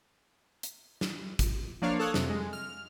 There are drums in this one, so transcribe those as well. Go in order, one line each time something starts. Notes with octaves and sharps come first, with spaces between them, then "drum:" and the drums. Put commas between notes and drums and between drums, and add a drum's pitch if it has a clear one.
drum: hi-hat
drum: snare
drum: kick, hi-hat
F3 A#3 D4 C#5 F5
A4 F5 C#6 D#6 F#6 G#6
F2 C3, drum: snare
G#3
F6